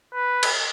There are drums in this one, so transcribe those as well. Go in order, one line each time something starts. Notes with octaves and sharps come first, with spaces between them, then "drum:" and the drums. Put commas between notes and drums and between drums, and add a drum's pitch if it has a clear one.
B4
drum: cymbal